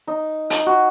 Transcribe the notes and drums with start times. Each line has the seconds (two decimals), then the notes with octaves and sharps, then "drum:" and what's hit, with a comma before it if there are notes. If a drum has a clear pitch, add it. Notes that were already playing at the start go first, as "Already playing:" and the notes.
0.07 D#4
0.50 D#4, drum: hi-hat
0.66 F#4